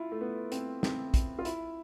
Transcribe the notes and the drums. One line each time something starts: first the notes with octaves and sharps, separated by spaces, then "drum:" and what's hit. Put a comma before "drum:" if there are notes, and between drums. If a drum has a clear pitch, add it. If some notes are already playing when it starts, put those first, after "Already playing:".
Already playing: E4 F4
A3
B3
C4, drum: hi-hat
C4, drum: snare
drum: kick, hi-hat
F4
E4, drum: hi-hat